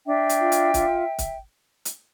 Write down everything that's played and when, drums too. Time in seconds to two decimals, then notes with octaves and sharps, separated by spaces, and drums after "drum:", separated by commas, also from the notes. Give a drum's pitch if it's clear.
0.07 D4 E5 G5
0.29 drum: hi-hat
0.40 F4
0.52 drum: hi-hat
0.74 F4, drum: kick, hi-hat
1.19 drum: kick, hi-hat
1.85 drum: hi-hat